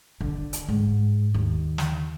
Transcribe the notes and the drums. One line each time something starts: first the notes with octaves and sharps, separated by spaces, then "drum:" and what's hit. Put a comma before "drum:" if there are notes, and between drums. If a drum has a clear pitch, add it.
D3, drum: kick
drum: hi-hat
G#2
D#2
drum: snare